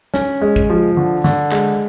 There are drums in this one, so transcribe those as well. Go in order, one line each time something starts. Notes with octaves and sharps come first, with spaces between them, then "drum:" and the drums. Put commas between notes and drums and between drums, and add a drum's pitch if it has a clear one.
C#4, drum: snare
G#3
drum: kick
F3
D3
D3, drum: snare
G#3, drum: clap